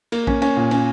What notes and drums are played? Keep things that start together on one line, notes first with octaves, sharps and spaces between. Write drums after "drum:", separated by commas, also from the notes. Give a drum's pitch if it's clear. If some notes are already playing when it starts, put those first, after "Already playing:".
A#3, drum: cymbal
C#4, drum: kick
C#4, drum: cymbal
A#2
C#4, drum: cymbal